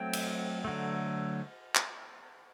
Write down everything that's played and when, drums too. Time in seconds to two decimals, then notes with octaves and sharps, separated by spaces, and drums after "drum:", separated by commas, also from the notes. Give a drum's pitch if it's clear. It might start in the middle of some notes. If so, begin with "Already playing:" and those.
Already playing: F#3 A3 C4 G5
0.13 drum: cymbal
0.65 D3 F#3 A3
1.75 drum: clap